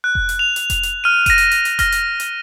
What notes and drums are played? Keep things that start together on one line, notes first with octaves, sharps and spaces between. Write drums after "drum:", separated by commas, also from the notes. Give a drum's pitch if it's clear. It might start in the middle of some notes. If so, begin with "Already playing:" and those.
F#6
drum: kick F1
drum: hi-hat
F7
drum: hi-hat
drum: kick F1, hi-hat
drum: hi-hat
F6 D#7
A#6 D#7, drum: kick F1, hi-hat
drum: hi-hat
drum: hi-hat
drum: hi-hat
F6 A#6, drum: kick F1, hi-hat
drum: hi-hat
drum: hi-hat